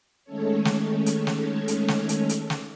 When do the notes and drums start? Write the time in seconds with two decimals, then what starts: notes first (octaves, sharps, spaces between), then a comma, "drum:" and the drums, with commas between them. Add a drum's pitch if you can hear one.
0.24 D#3 G#3 A3 C#4 A4 C#5
0.65 drum: snare
1.06 drum: hi-hat
1.27 drum: snare
1.68 drum: hi-hat
1.88 drum: snare
2.09 drum: hi-hat
2.29 drum: hi-hat
2.50 drum: snare